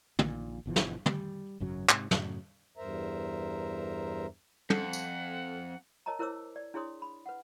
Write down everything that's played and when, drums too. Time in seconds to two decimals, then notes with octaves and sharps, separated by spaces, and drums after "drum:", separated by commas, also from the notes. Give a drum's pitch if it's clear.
0.19 A#1 A#2 D#3, drum: tom
0.66 G1 B2 E3 F3
0.76 drum: snare
1.06 G3, drum: tom
1.60 G#1 F#2 C#3 F#3
1.89 G#2 C3, drum: clap
2.11 F#2 A2 C#3 F#3, drum: snare
2.77 E2 G2 A#4 C5 E5 A#5
4.70 F2 A4 F#5, drum: tom
4.93 drum: tambourine
6.06 A#4 C#5 D#5 A5 A#5
6.19 E4 A#4 C5 C#5 D6 E6
6.56 D5
6.74 D4 E4 G#4 C#5 C6 D#6
7.02 B5
7.26 B4 F#5